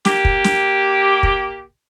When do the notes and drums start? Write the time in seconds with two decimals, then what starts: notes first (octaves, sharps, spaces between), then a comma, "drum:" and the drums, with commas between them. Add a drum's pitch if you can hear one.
0.05 A#3 G4, drum: snare
0.25 drum: kick
0.44 drum: snare
1.23 drum: kick